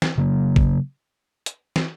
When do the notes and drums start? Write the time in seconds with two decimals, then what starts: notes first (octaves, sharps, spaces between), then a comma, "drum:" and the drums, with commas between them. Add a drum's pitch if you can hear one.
0.02 drum: snare
0.18 C#3 F#3 A#3
0.56 drum: kick
1.46 drum: hi-hat
1.76 drum: snare